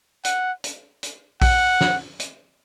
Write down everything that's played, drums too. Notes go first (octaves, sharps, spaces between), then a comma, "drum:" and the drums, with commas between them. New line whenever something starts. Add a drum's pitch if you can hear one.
F#5, drum: hi-hat
drum: hi-hat
drum: hi-hat
F#5, drum: kick A#1, open hi-hat
drum: snare
drum: hi-hat